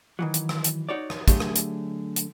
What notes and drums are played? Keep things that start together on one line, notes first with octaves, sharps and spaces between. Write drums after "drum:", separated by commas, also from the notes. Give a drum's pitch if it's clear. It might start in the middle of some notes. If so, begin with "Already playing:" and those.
D#3 E3 F#3
drum: hi-hat
drum: rim click
drum: hi-hat
D#4 F#4 C#5 D5
drum: rim click
D3 F#3 A3 G4 G#4, drum: kick, hi-hat
drum: rim click
drum: hi-hat
drum: hi-hat